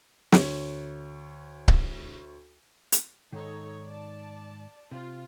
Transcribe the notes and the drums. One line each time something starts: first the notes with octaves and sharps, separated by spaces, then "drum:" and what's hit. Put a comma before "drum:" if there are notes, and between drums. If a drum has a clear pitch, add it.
D2 C#5, drum: snare
drum: kick C#1
drum: hi-hat
G#2 D#3 D#4 A4 C#5
D5 A5
C3 C4 F4